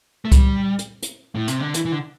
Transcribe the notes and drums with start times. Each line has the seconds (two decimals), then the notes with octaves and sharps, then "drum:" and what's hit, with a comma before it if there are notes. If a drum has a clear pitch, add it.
0.25 A3
0.32 G3, drum: kick C2, hi-hat
0.79 drum: hi-hat
1.03 drum: hi-hat
1.35 A2
1.48 C3, drum: hi-hat
1.60 D3
1.74 E3, drum: hi-hat
1.85 E3
1.92 D3